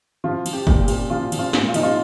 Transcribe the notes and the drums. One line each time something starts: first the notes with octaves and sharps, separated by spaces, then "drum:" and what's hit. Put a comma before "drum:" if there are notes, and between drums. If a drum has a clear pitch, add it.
F3 F4
F3, drum: cymbal
G4
A#2, drum: kick
G4
A#2, drum: cymbal
F3 F4
F3, drum: cymbal
F4
A#2, drum: snare
F4
F3 D#4, drum: cymbal
F4